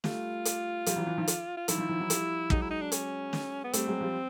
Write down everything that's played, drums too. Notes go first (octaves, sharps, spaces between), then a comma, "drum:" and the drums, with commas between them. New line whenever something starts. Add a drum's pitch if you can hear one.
G3 A3 F4, drum: snare
drum: hi-hat
F3 G3, drum: hi-hat
E3 F#3
E3
D#3 F3
drum: hi-hat
F4
D#3 F3 E4, drum: hi-hat
D#3 F3
D#3 F3
E3 F#3
F3 G3, drum: hi-hat
F#3 G#3 D#4, drum: kick
E4
D#4
D4
C#4, drum: hi-hat
drum: snare
B3
G3 A3 C4, drum: hi-hat
F#3 G#3
F3 G3